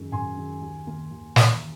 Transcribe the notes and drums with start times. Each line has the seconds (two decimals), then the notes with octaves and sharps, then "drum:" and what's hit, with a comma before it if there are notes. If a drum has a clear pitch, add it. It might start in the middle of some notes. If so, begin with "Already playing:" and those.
Already playing: F#2 D#3 G#3
0.12 F#2 G#5 C6
0.37 D#3 G#3
0.61 D#2
0.87 D#3 A#3
1.11 D#2
1.36 D#3 A#3, drum: snare